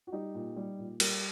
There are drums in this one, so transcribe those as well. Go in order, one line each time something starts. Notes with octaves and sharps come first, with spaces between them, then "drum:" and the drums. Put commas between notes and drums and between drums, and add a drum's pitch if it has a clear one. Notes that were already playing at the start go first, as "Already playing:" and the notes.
F#4
G3 D#4 G4
A#2
G3
A#2
G3 G4 A#4, drum: cymbal